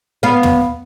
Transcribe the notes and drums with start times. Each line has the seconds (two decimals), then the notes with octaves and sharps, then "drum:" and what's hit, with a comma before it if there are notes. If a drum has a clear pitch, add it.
0.23 B3 F5
0.43 drum: tom